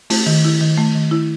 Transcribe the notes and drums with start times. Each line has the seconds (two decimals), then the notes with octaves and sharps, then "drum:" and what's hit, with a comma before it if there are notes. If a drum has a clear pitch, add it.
0.10 A3, drum: open hi-hat
0.26 D#3
0.44 E4
0.61 D#3
0.78 A3
0.95 D#3
1.11 E4